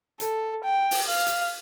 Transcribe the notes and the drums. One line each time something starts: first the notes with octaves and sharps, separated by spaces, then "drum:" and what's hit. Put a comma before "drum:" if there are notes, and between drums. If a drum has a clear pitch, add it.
A4, drum: hi-hat
G5
drum: open hi-hat
F5
drum: hi-hat